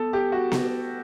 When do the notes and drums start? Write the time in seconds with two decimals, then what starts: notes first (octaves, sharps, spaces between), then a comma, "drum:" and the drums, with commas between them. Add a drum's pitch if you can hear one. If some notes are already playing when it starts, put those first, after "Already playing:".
Already playing: B3 A4
0.13 G4
0.32 F#4
0.52 drum: snare B3